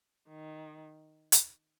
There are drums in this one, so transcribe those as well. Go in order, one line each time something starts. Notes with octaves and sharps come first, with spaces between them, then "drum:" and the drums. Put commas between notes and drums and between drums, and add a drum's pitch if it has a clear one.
D#3
drum: hi-hat